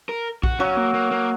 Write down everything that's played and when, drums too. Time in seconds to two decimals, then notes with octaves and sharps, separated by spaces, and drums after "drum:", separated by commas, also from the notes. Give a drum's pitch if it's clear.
0.09 A#4
0.43 F#4, drum: kick A#1
0.60 F#3 C#4
0.77 A#3
0.94 A#3
1.11 A#3